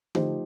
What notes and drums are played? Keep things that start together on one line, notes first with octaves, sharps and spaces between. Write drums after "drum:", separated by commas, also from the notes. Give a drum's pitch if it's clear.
F3 A3 D#4 G4 C5, drum: tom D3